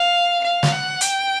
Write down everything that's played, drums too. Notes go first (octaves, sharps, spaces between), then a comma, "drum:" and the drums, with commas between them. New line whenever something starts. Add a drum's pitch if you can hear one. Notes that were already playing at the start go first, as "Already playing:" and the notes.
Already playing: F5
F5
drum: snare
F#5
G5, drum: hi-hat